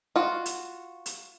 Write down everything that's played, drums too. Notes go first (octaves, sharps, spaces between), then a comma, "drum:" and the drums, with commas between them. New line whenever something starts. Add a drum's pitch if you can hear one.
F4 F#4
drum: hi-hat
drum: hi-hat